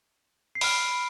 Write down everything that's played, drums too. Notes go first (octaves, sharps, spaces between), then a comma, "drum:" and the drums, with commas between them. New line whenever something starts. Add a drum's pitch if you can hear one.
C7
B5 F6 D7, drum: open hi-hat